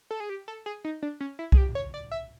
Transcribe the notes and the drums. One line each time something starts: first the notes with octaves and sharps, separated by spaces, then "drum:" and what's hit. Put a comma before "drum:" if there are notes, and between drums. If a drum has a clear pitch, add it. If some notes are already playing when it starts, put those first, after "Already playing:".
A4
G#4
G4
A4
G#4
D#4
D4
C#4
E4
G#4, drum: kick
G4
C#5
D5
E5